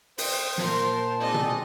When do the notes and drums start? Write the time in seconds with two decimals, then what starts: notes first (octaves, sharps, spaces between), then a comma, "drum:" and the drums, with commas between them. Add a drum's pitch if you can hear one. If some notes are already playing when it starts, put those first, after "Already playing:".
0.18 C5 G5 D#6, drum: open hi-hat
0.58 A#2 F4 A#4 A5 C6, drum: snare
1.19 G#3 C4 D#4 D5 D#5
1.34 drum: tom B2